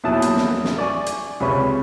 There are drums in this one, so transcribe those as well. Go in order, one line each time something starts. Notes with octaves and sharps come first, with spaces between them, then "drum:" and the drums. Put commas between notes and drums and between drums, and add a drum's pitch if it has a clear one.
E2 A#2 F#3 E4 A5 D#6
drum: hi-hat
drum: snare
drum: snare
D5 G#5 C#6
drum: hi-hat
C#2 C3 C#4 B4 B5 C#6